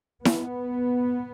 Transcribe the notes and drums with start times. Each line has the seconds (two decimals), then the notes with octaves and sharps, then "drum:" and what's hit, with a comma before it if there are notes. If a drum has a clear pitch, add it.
0.25 B3, drum: snare E4